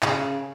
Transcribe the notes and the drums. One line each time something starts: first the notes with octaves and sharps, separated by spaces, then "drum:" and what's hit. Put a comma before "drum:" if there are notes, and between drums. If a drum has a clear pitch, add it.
C#3, drum: clap